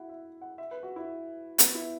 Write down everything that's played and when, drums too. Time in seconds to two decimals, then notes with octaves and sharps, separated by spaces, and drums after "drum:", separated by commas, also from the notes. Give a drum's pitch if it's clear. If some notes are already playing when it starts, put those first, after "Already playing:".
Already playing: E4 F#4 F#5
0.09 E5
0.42 F#5
0.58 E5
0.71 B4
0.83 F#4
0.96 E4
1.58 B3, drum: hi-hat
1.75 E4